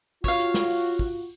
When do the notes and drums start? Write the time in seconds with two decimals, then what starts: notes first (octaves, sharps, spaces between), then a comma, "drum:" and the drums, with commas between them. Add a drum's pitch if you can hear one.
0.24 F4 F#4 C#5 F5, drum: kick
0.39 drum: hi-hat
0.54 drum: snare
0.69 drum: open hi-hat
0.99 drum: kick